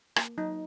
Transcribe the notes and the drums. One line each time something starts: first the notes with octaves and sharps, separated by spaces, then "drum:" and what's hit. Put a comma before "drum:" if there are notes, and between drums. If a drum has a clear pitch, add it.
A#3, drum: rim click
F#3 D#4